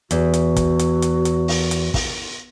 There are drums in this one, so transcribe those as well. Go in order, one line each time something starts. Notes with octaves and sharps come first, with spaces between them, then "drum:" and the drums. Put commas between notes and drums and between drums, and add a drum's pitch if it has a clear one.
E2 F#4, drum: hi-hat
drum: hi-hat
drum: kick, hi-hat
drum: hi-hat
drum: hi-hat
drum: hi-hat
drum: open hi-hat
drum: hi-hat
drum: kick, open hi-hat